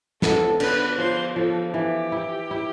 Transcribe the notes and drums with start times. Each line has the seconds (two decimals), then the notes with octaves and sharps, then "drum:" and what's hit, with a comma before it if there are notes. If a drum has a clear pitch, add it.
0.22 B3 A4, drum: snare
0.60 D3 B4, drum: cymbal
0.98 F3 C5
1.36 F3 A4
1.74 E3 G4
2.12 E4
2.51 E4